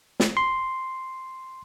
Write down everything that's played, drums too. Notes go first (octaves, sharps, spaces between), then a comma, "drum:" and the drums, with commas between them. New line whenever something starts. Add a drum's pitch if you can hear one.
drum: snare
C6